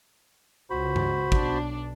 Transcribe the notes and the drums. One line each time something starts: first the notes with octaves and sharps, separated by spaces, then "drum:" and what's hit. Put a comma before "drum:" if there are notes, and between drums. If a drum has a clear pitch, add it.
C#2 F#4 C5 B5
drum: tom G2
B1 D4, drum: kick